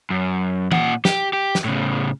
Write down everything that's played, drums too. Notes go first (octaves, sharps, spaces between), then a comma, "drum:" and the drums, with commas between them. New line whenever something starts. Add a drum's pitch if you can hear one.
F#2
A#2 F#5, drum: tom
G4, drum: snare
G4
drum: snare
A2 C#3